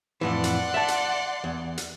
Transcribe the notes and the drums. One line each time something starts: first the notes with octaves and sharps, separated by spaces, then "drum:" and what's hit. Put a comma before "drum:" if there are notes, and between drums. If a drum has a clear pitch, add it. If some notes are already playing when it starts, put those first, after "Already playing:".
F2 A2 E3 D5 F#5 C6
drum: hi-hat
E5 A5
drum: hi-hat
E2
drum: hi-hat